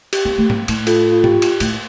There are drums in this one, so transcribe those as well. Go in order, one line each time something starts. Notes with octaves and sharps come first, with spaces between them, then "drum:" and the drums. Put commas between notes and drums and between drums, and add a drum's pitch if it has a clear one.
G4, drum: cymbal
C4
A3
G3, drum: tom G#2
A2, drum: cymbal
F4 A4, drum: cymbal
F4
G4, drum: tom G#2
drum: cymbal
A2, drum: cymbal